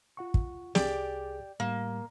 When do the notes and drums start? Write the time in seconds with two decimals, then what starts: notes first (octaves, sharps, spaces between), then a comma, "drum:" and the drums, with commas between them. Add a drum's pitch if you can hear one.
0.17 F4 F#5 C#6
0.34 drum: kick
0.75 C2 G4 G#4 D5, drum: snare
1.60 A2 G3 A#3